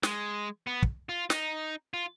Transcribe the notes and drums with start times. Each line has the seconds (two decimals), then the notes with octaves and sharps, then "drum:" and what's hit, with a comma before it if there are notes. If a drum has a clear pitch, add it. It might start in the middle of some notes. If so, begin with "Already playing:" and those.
0.03 G#3, drum: snare
0.67 B3
0.83 drum: kick
1.09 F4
1.30 D#4, drum: snare
1.94 F4